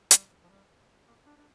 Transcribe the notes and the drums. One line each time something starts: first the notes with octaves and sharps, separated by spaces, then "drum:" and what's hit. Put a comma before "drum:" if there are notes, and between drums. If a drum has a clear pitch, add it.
G3, drum: hi-hat
F3
G3
A#3
D4
D4